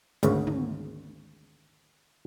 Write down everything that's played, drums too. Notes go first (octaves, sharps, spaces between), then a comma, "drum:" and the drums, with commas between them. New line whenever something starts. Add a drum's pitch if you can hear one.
G#1 D2 C#3, drum: hi-hat
drum: tom